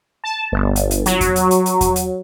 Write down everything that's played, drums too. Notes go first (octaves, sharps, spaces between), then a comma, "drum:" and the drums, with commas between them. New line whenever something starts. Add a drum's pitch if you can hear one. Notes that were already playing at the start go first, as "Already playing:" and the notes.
A5
G1
drum: hi-hat
drum: hi-hat
F#3, drum: hi-hat
drum: kick E2, hi-hat
drum: hi-hat
drum: hi-hat
drum: hi-hat
drum: kick E2, hi-hat
drum: hi-hat